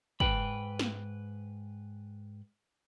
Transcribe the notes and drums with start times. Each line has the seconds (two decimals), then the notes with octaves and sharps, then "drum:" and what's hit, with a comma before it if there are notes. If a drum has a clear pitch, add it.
0.20 G#2 C#3 B4 G5 B5, drum: kick
0.79 drum: snare